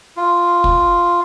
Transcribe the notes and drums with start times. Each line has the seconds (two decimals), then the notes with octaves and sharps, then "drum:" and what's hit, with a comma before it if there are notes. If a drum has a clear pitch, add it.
0.17 F4
0.64 drum: kick